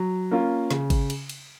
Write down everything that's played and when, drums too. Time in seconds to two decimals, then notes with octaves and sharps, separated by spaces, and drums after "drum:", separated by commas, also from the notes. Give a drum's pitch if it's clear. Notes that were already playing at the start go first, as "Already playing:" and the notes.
Already playing: F#3
0.31 A#3 C#4 F4
0.71 C#3, drum: snare
0.90 drum: kick G#1, cymbal
1.10 drum: cymbal
1.29 drum: cymbal